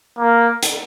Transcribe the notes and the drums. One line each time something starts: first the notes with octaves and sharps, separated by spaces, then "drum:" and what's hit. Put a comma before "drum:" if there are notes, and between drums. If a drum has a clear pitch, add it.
A#3
drum: hi-hat